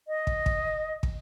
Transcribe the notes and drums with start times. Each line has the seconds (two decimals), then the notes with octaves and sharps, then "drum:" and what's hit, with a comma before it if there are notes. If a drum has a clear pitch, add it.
0.08 D#5
0.27 drum: kick
0.46 drum: kick
1.03 drum: kick